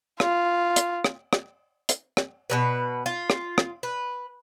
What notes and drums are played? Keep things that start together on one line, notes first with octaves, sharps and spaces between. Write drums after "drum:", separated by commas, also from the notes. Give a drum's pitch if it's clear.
F4, drum: rim click
drum: hi-hat
drum: rim click
drum: rim click
drum: hi-hat
drum: rim click
B2 F#3 B4
F4
drum: rim click
drum: rim click
B4